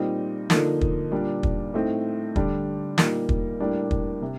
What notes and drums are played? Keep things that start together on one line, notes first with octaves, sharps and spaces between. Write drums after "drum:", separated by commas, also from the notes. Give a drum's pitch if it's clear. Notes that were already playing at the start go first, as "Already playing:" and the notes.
Already playing: A#2 G3 C4 D#4
D3 F3 A#3 D#4, drum: snare
drum: kick
A#2 G3 D4
drum: kick
A2 A3 C4 D#4
D3 G3 D4, drum: kick
A#2 G3 A#3 D#4, drum: snare
drum: kick
A2 G3 A#3 D4
drum: kick
C3